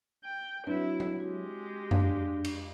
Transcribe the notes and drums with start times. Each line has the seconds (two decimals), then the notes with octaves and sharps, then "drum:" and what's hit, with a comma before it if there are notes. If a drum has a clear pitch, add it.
0.24 G5
0.67 F#3 C4 D4 E4 F#4 B4
1.00 drum: tom
1.20 G#3 F#4 G4
1.91 F2 D4 F5, drum: tom F#2
2.45 drum: cymbal